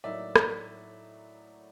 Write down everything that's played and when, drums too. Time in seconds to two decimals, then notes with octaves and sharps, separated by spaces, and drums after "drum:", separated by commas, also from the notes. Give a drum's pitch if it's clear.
0.04 A2 F#3 A#3 D#4 D5 E5
0.36 drum: rim click